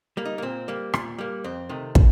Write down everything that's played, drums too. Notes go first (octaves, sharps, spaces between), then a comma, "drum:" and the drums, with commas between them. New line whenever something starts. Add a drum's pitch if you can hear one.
G3 A#3
D#4
A#3
A#2 C4
G3 A#3
A#2, drum: rim click
G3 A#3
F2 C4
C3 D#3 A3
drum: kick